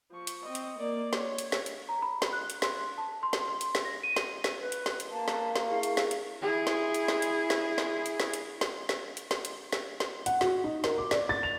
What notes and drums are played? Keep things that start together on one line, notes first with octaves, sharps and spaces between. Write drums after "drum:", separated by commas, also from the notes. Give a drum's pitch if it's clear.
F3 C#6
drum: hi-hat
C4 D#5
drum: hi-hat
A#3 D5
C#5, drum: snare
drum: hi-hat
drum: snare
drum: hi-hat
A#5
B5
drum: snare
F#6
drum: hi-hat
C6, drum: snare
A5
C6
drum: snare
C6
drum: hi-hat
drum: snare
A#6
D#7
drum: snare
drum: snare
B4
drum: hi-hat
drum: snare
drum: hi-hat
A#3 A5
drum: snare
drum: snare
E4 G#4 F5 C#6
drum: hi-hat
drum: snare
drum: hi-hat
E4 G#4
drum: snare
drum: hi-hat
drum: snare
drum: hi-hat
drum: snare
drum: snare
drum: hi-hat
drum: snare
drum: hi-hat
drum: snare
drum: snare
drum: hi-hat
drum: snare
drum: hi-hat
drum: snare
drum: snare
F#5, drum: hi-hat
F#4, drum: snare
D#4
A#4, drum: snare
D6
D5, drum: snare
A6
F7